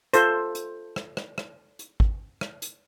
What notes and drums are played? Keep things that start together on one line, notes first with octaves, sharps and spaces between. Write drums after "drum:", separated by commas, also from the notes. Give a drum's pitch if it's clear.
F4 A4 C5, drum: hi-hat
drum: hi-hat
drum: rim click
drum: rim click
drum: rim click
drum: hi-hat
drum: kick G#1
drum: rim click
drum: hi-hat